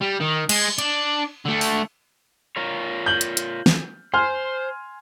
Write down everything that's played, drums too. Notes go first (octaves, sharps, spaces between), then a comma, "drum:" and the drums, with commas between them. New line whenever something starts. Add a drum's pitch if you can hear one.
G3
D#3
G#3, drum: cymbal
D4, drum: hi-hat
D3 A3
drum: open hi-hat
F4 A#4 C#5
G6 F#7
drum: hi-hat
drum: hi-hat
drum: snare
C5 G#5 C6 F6